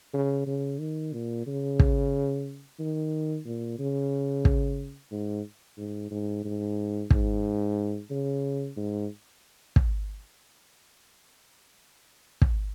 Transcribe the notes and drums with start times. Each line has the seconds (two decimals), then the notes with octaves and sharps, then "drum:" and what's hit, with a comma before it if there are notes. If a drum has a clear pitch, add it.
0.13 C#3
0.47 C#3
0.80 D#3
1.13 A#2
1.47 C#3
1.79 drum: kick
2.79 D#3
3.45 A#2
3.79 C#3
4.45 drum: kick
5.11 G#2
5.78 G#2
6.11 G#2
6.44 G#2
7.10 G#2, drum: kick
8.10 C#3
8.76 G#2
9.76 drum: kick
12.42 drum: kick